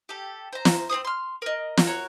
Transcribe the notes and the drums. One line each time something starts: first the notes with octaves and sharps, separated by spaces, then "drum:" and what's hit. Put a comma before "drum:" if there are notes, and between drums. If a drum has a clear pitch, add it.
G4 A4
C5 A#5
drum: snare
C4 G#4 C5 D#6
C6 F6
A#4 D#5
drum: snare
F#4 A#4 C#5